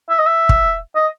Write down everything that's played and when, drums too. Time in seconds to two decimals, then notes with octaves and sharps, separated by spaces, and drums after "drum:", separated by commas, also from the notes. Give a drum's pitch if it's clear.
0.10 E5
0.19 D#5
0.27 E5
0.49 drum: kick
0.95 D#5